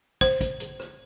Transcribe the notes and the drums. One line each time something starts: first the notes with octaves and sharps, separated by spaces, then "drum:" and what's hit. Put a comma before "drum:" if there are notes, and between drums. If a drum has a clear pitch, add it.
C5, drum: kick, hi-hat
drum: kick, hi-hat
drum: hi-hat
drum: rim click